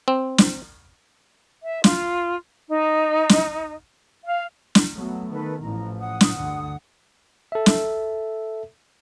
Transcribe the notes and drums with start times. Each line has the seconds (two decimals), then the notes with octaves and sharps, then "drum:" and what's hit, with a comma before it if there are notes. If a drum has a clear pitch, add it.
0.08 C4
0.38 drum: snare
1.62 E5
1.84 F4, drum: snare
2.69 D#4
3.29 drum: snare
4.24 F5
4.75 drum: snare
4.95 F#3 A3 B3
5.32 D#3 A4 B4
5.62 A1 E3 F3 A#5
5.99 F#5 D#6
6.21 drum: snare
6.36 D2 G2 D3
7.52 A4 E5
7.66 drum: snare